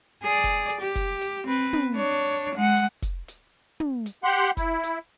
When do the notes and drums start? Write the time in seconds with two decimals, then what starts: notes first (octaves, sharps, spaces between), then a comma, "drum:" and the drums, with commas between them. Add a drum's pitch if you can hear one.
0.23 G#4 D5
0.44 drum: kick F1, hi-hat
0.70 drum: hi-hat
0.81 G4
0.95 drum: kick F1, hi-hat
1.21 drum: hi-hat
1.47 C4 B4
1.73 drum: tom
1.96 D4 C#5
2.56 G#3 F#5
2.76 drum: hi-hat
3.02 drum: kick F1, hi-hat
3.28 drum: hi-hat
3.80 drum: tom
4.06 drum: hi-hat
4.24 G4 F#5 C6
4.57 E4, drum: kick F1, hi-hat
4.83 drum: hi-hat